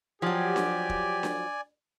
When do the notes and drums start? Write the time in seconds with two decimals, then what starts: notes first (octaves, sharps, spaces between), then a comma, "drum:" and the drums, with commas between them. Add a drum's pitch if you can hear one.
0.22 F3 F#3 G4 D5 G#5
0.56 drum: snare D4
0.89 drum: kick
1.23 drum: snare D4